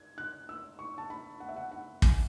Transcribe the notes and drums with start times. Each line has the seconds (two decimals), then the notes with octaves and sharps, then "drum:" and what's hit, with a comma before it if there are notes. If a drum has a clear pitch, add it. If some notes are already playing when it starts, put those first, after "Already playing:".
Already playing: G#6
0.18 F#6
0.49 E6
0.79 C#6
0.98 A5
1.10 B5
1.40 F#5
1.49 E5
1.56 F#5
1.71 F#5
2.02 G#5, drum: kick